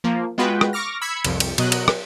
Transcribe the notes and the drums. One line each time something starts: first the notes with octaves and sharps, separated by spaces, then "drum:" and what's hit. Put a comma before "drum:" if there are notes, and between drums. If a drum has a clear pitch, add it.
F3 A#3
G#3 B3 F4 F#4 B4 G5
drum: rim click
C#6 D6 F6 A#6
B5 E6 G#6 B6 C#7
C2 F2, drum: cymbal
drum: cymbal
B2 F#3 D#5 F#6, drum: cymbal
drum: cymbal
drum: rim click